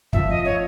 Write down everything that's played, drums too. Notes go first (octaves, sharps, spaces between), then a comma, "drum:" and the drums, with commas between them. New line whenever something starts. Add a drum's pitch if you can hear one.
F3 E5, drum: kick
D#5
F3 C#5